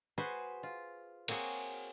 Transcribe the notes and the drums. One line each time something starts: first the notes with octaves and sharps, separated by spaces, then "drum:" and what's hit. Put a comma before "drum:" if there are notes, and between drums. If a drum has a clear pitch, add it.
F#4 G#4 B4 C5
F4
A#3 C4 F#4 G#4 C#5, drum: cymbal